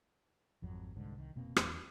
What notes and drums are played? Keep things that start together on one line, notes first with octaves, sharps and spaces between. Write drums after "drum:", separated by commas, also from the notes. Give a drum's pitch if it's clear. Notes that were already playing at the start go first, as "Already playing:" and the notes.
G#1 F2 F#3
C2 G#2 D3
C2 D#3
F1 B2 A#3 C4
E2, drum: rim click